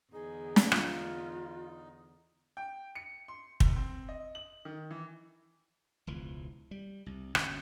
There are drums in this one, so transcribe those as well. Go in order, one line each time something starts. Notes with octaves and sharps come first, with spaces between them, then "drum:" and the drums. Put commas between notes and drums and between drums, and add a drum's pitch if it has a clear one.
E2 D3 D#4 G#4
drum: snare
F4, drum: rim click
G5
C#7
C6
F1, drum: kick
C4
D#5
F#7
D#3
E3
E1 C#2 E3 F3
G3
C2
G1 D2 C#4, drum: rim click